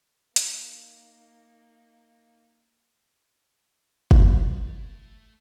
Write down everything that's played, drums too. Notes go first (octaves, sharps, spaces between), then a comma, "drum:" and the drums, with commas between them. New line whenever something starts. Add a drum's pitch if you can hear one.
A#3 D#4, drum: hi-hat
A3 C#5, drum: kick